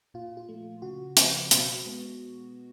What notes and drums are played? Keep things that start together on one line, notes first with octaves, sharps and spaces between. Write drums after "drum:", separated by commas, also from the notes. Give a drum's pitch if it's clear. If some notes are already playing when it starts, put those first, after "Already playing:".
A#2 F4
F4
F3 A3
C#3 F#4
F3 A#3, drum: hi-hat
B2, drum: hi-hat
G#3 B3